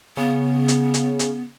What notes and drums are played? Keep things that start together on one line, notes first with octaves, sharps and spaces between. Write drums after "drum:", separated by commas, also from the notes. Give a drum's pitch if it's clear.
C#3 B3
drum: hi-hat
drum: hi-hat
drum: hi-hat